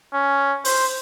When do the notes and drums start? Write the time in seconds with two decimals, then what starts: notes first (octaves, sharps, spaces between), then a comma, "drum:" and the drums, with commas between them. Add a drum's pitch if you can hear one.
0.14 C#4
0.65 C5, drum: open hi-hat